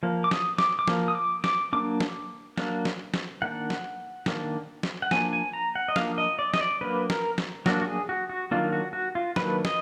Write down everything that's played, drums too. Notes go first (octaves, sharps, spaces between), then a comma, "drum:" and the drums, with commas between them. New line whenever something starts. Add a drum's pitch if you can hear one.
F3 A#3
D6
D#6, drum: snare
D6, drum: snare
D6
F3 A#3, drum: snare
D#6
D6
D6, drum: snare
F#3 A#3 D4 D6
drum: snare
F#3 A#3 D4, drum: snare
drum: snare
drum: snare
D#3 A#3 D4 F#5
drum: snare
D#3 A#3 D4, drum: snare
drum: snare
F#5
F3 A#3 D4 G#5, drum: snare
G#5
A#5
F#5
D#5
F3 A#3 D4 F5, drum: snare
D#5
D5
D#5, drum: snare
D5
F#3 A#3 D4 B4
A#4, drum: snare
drum: snare
F#3 A#3 D4 F#4, drum: snare
F#4
G#4
F#4
F#4
D#3 F#3 A#3 D4 F4
F#4
F#4
F4
D#3 F#3 A#3 D4 B4, drum: snare
D#5, drum: snare